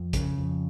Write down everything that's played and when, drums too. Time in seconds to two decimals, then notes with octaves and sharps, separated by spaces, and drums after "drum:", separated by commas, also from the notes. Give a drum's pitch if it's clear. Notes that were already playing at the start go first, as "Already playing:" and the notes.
Already playing: F2
0.13 C#3, drum: kick, hi-hat
0.37 F2